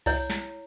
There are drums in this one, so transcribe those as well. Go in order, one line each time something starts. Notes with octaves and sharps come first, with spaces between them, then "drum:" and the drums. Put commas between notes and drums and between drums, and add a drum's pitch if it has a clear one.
E4 C#5, drum: kick C2, open hi-hat
E4, drum: snare